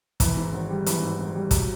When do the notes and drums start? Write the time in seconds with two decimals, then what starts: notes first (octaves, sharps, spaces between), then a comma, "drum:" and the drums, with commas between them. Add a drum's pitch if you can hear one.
0.20 E3, drum: kick, hi-hat
0.37 G#2
0.53 G#1
0.70 G3
0.86 E3, drum: hi-hat
1.03 G#2
1.19 G#1
1.35 G3
1.51 F#3, drum: kick, hi-hat